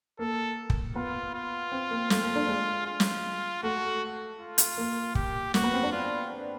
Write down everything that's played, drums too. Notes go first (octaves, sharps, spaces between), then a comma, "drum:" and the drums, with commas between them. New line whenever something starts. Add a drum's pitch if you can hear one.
A#3 A4
drum: kick
B3 F4
F4
C4
A#3
A3 F4, drum: snare
A#3
D4
G#3
F4
drum: snare
A3 F#4
F4
drum: hi-hat
A#3
G4, drum: kick
A#3 F#4, drum: snare
B3
C4
D4
F4